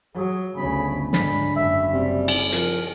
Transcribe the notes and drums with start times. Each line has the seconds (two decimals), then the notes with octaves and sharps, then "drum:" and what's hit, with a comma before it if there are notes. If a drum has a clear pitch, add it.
0.15 F#3 G#4
0.57 G1 D2 C#3 B5
1.13 G#2 D3 B5, drum: snare
1.56 F#1 E5
1.93 C3 G3
2.28 drum: cymbal
2.52 F3 A#4, drum: hi-hat